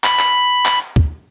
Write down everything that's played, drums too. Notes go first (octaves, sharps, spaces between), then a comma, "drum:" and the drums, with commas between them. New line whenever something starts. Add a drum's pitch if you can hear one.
B5, drum: clap
drum: clap
drum: clap
drum: kick